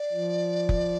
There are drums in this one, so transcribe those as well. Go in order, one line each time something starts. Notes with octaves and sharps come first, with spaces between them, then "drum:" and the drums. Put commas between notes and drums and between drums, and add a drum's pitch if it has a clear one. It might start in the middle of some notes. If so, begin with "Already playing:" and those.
Already playing: D5
F3
drum: kick F1